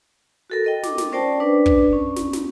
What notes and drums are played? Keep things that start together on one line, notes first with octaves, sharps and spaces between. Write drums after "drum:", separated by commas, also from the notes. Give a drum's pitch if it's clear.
F#4 A4 A#4
A#4 D#5 G5
D6, drum: snare
drum: snare
C#4 A#4 C5 D5 G5 A5
D4 B4 D5
drum: kick
C#4
drum: snare
drum: snare